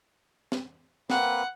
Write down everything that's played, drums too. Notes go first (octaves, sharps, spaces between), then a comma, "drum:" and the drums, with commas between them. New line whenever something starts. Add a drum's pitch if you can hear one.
drum: snare
A#3 C4 B4 F#5, drum: snare